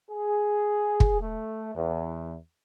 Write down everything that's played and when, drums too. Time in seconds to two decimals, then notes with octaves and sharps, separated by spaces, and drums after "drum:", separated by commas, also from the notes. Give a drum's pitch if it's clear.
0.11 G#4
1.00 drum: kick
1.21 A3
1.75 E2